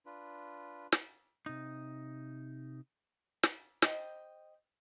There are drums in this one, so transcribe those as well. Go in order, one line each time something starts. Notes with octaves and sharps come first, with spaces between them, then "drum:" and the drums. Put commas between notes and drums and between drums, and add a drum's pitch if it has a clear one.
D4 F4 B4
drum: snare
C3 D#4
drum: snare
C5 D#5 G5, drum: snare